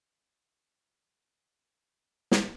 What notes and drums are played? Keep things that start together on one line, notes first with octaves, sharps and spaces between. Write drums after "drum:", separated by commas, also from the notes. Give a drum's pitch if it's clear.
A4 C#5 D5 D6 F#6 G#6
drum: snare